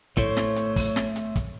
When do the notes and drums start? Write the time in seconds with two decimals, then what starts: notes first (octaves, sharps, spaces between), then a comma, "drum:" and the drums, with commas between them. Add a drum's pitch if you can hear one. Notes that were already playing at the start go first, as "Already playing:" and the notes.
0.17 A2 A3 C5 C#5, drum: kick, hi-hat
0.37 drum: snare
0.56 drum: hi-hat
0.76 drum: kick, open hi-hat
0.96 drum: snare
1.16 drum: hi-hat
1.36 drum: kick, hi-hat